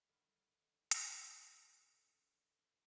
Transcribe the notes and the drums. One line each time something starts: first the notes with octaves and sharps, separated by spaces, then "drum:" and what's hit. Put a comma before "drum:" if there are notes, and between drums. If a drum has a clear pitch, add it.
D3 D#3 G3
drum: hi-hat